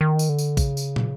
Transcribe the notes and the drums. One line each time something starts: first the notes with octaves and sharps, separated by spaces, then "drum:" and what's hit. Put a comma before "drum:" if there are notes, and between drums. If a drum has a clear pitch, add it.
D#3
drum: tambourine
D3
drum: tambourine
C#3, drum: kick, tambourine
drum: tambourine
drum: tom